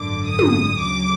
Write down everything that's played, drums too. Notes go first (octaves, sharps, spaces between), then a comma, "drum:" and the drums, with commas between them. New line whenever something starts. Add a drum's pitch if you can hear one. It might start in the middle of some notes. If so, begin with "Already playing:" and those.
Already playing: G#1 F#2 D3 D6
D#6
drum: tom
D2 C#3 F#3 D6